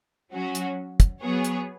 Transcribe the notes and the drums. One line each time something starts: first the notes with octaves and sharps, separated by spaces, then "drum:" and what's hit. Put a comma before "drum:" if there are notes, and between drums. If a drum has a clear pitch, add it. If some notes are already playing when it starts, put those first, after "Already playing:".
F#3 C#4 F#4
drum: hi-hat
drum: kick, hi-hat
F#3 B3 G#4 C#5
drum: hi-hat